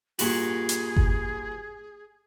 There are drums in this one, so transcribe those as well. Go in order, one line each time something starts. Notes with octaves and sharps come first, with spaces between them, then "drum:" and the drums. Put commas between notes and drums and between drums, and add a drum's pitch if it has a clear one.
G2 A#2 F#4 G#4, drum: open hi-hat
drum: hi-hat
drum: kick G1